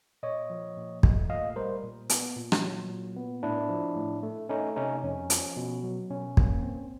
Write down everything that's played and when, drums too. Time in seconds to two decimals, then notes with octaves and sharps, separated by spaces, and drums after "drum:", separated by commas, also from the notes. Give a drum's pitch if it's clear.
0.23 A#2 C#5 D#5
0.50 F3
0.77 A#2
1.03 A3, drum: kick
1.30 A#2 D#5 F5
1.56 G3 A#4 C5
1.83 A#2
2.10 B3, drum: hi-hat
2.36 A#2
2.52 drum: rim click
2.63 F#3
2.89 A#2
3.16 B3
3.43 A2 D4 E4
3.70 F3
3.96 A2
4.23 A3
4.49 A3 C#4 D#4
4.76 C3 C#4 D#4
5.04 F2 C#4
5.30 F3, drum: hi-hat
5.57 B2
5.83 F#3
6.10 B2 C#4
6.37 A#3, drum: kick
6.63 C4